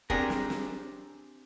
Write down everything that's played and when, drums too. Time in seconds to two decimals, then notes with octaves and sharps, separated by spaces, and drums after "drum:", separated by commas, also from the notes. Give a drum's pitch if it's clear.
0.10 C4 D4 G4 G#4 A#4, drum: kick
0.30 drum: snare
0.50 drum: snare